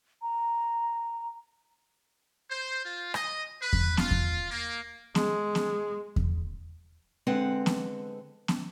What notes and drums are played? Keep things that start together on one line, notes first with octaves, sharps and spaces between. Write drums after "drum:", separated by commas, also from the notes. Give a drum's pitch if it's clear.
A#5
C5
F4
D#5, drum: rim click
B4
drum: kick E2
F4, drum: snare B3
drum: kick E2
A#3
G#3, drum: snare B3
drum: snare B3
drum: kick E2
D3 G#3 C4 B4 F#5
drum: snare B3
drum: snare B3